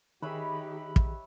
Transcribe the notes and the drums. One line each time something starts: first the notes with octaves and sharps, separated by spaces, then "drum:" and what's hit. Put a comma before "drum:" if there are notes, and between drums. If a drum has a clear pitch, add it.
D#3 D#4 G4 G#4 B4 C#5 E5 B5
drum: kick